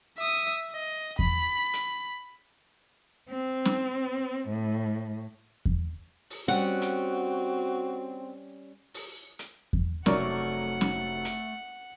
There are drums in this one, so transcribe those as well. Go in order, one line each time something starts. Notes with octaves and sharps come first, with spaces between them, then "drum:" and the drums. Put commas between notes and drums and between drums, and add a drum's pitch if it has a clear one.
E5 D#6
D#5
B5, drum: kick E2
drum: hi-hat
C4
drum: snare
A2
drum: kick E2
drum: open hi-hat
G3 C4 C#4 F#4 F#5
drum: hi-hat
drum: open hi-hat
drum: hi-hat
drum: kick E2
F1 F#3 A3 A#4 D5 F#5 C#6, drum: snare
drum: snare
drum: hi-hat